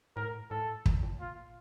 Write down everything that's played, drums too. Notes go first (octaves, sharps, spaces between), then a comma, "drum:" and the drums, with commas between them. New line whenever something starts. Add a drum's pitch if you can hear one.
A2 A#4
A2 A4
A#2, drum: kick
A#2
F4